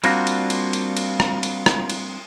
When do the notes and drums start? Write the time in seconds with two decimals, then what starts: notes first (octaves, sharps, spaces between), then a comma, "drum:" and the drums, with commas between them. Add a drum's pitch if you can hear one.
0.04 G3 A#3 C4 D4 F4 F#4, drum: cymbal
0.27 drum: cymbal
0.50 drum: cymbal
0.73 drum: cymbal
0.97 drum: cymbal
1.20 drum: rim click
1.43 drum: cymbal
1.66 drum: rim click
1.90 drum: cymbal